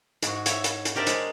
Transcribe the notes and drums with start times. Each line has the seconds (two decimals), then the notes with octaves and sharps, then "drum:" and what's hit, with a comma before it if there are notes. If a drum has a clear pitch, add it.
0.22 G#2 F#4, drum: hi-hat
0.46 C#5 E5, drum: hi-hat
0.64 drum: hi-hat
0.85 drum: hi-hat
0.95 D4 G4 A#4 C5 D5 E5
1.07 G#3, drum: hi-hat